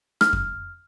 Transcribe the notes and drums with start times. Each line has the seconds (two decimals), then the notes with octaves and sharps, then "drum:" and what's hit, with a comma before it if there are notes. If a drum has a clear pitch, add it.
0.21 F6, drum: rim click
0.33 drum: kick F2